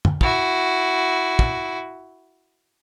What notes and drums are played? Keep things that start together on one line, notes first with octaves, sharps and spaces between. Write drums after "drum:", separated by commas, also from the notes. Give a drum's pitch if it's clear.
drum: tom
E4 F#4, drum: kick
drum: kick